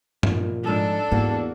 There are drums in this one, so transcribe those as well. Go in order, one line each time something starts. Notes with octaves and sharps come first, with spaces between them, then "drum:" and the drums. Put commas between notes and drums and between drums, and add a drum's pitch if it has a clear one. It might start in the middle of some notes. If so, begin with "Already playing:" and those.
A#2, drum: tom
G#2 F3 D4 A4
E2 G#2 A#3 F#4